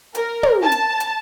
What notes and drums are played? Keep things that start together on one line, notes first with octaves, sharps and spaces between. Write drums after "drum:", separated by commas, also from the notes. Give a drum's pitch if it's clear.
A#4, drum: hi-hat
drum: tom
A5
drum: hi-hat
drum: hi-hat